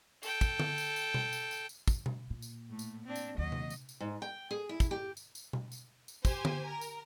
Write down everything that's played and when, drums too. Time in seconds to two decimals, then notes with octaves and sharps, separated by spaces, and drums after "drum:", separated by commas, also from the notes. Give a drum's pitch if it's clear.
0.23 A4 G5, drum: tambourine
0.41 drum: kick, tambourine
0.60 drum: tom D3
0.78 drum: tambourine
0.96 drum: tambourine
1.14 drum: tom B2
1.33 drum: tambourine
1.51 drum: tambourine
1.69 drum: tambourine
1.88 drum: kick, tambourine
2.06 drum: tom B2
2.30 A#2
2.42 drum: tambourine
2.69 A2 A3
2.79 drum: tambourine
3.06 C4 D4
3.16 drum: tambourine
3.38 D#2 F#3 C4 D#5
3.52 drum: tom C3
3.70 drum: tambourine
3.89 drum: tambourine
4.00 G#2
4.22 G5
4.51 G#4
4.69 E4
4.80 drum: kick, tambourine
4.91 G4
5.17 drum: tambourine
5.35 drum: tambourine
5.53 drum: tom B2
5.72 drum: tambourine
6.08 drum: tambourine
6.25 G4 C5 G#5, drum: kick, tambourine
6.45 drum: tom D3
6.67 A#4
6.81 drum: tambourine